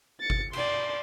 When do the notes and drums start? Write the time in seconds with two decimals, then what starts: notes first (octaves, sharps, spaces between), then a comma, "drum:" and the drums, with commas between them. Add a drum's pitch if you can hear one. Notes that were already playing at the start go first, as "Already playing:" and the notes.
0.21 A6 C#7
0.30 drum: kick G1
0.53 D5 C6, drum: cymbal